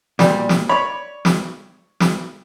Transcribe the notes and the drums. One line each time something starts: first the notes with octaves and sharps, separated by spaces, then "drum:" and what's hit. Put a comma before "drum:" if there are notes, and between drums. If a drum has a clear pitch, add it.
A#2 G3, drum: snare
drum: snare
C#5 D5 B5
drum: snare
drum: snare